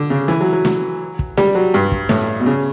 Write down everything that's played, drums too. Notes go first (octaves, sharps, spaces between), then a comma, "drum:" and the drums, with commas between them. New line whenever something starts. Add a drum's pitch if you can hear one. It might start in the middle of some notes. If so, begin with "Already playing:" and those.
Already playing: D3
C#3
E3
F#3
F#3
drum: snare
drum: kick
G3, drum: snare
F#3
G2
drum: kick
A2, drum: snare
B2
C#3